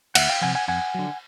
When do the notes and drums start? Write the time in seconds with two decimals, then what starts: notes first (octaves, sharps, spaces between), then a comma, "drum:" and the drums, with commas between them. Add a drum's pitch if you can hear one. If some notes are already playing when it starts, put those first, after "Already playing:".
0.15 D2 E5 F#5, drum: cymbal
0.29 F5 G5
0.41 C3 F3 F#5 G#5
0.55 F#5 G#5
0.68 F2 F#5 G#5
0.95 D3 F#3